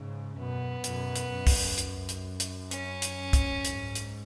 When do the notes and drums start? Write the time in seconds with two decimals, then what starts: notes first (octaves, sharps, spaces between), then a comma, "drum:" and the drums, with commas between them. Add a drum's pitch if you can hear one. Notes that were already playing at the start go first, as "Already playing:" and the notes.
Already playing: G#2 C#3
0.37 F#2 B2 B3
0.84 F#2 B2, drum: hi-hat
1.16 drum: hi-hat
1.31 F#2
1.47 drum: kick C2, open hi-hat
1.78 drum: hi-hat
2.09 drum: hi-hat
2.40 drum: hi-hat
2.71 C#4, drum: hi-hat
3.02 drum: hi-hat
3.33 drum: kick C2, hi-hat
3.65 G#2, drum: hi-hat
3.95 drum: hi-hat